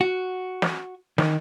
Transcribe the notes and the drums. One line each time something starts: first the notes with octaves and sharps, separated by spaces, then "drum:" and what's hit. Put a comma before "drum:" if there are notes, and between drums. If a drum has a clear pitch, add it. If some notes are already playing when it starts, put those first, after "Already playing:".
F#4
drum: snare
D#3, drum: snare